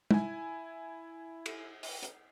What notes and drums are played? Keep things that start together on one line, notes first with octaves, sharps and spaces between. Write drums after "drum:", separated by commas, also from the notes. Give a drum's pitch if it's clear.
E4 G#5, drum: tom
drum: cymbal
drum: open hi-hat
drum: hi-hat